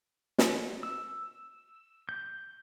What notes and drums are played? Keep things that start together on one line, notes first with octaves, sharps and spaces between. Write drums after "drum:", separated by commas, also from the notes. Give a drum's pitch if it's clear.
drum: snare
E6
G6